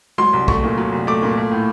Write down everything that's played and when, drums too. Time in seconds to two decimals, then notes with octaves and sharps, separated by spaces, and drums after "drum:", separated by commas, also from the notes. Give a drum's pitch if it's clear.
0.18 F#3 C6, drum: tom G#3
0.33 C2
0.48 A3 C#6, drum: kick
0.63 A#2
0.77 F#3
0.92 C2
1.07 A3 D6
1.23 A#2
1.38 A3
1.51 A2